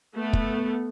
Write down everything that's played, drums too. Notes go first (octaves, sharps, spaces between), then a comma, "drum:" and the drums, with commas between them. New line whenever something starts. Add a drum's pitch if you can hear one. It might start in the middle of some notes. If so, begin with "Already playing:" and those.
A3 B3
drum: kick